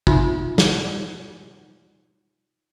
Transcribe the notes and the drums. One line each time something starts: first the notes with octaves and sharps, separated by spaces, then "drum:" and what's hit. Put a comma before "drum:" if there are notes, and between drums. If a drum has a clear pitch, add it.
D#4 F4 C5 E5 C6, drum: kick
drum: snare